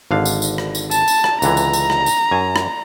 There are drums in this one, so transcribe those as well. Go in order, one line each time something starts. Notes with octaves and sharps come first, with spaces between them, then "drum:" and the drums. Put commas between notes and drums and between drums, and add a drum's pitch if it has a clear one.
G#1 D3 F5
drum: tambourine
drum: tambourine
drum: rim click
drum: tambourine
A5, drum: tambourine
drum: tambourine
drum: rim click
C#2 D3 E3 A#5, drum: tambourine
drum: tambourine
drum: tambourine
drum: rim click
drum: tambourine
F#2 G#5
drum: rim click